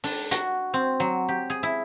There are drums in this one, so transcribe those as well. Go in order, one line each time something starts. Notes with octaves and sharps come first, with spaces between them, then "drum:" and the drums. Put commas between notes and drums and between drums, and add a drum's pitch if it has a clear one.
D4, drum: open hi-hat
F#4, drum: hi-hat
C4
F#3
G4
G#4
E4